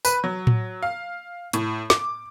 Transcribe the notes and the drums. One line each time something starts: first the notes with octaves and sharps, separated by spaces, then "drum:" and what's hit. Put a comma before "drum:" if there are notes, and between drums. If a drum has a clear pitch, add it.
B4, drum: tambourine
F#3
drum: tom A2
F5
A2, drum: hi-hat
D6, drum: snare